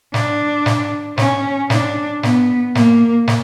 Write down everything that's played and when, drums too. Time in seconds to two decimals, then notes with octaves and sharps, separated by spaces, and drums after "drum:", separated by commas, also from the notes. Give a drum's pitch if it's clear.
0.14 D4, drum: snare
0.66 drum: snare
1.18 C#4, drum: snare
1.70 D4, drum: snare
2.23 B3, drum: snare
2.75 A#3, drum: snare
3.28 drum: snare